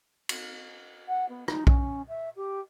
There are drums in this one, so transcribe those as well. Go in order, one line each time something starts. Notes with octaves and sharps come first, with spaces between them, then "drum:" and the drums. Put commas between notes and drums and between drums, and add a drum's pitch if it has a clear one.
drum: cymbal
F#5
B3
D#4, drum: rim click
C#4, drum: kick B1
E5
G4